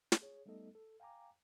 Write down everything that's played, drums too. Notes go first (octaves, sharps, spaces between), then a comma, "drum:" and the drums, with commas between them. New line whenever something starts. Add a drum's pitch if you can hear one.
drum: snare
G#4 C#5
G3 A3 B3 D#4 A4 D#5
A4
F5 G5 G#5 A#5 D6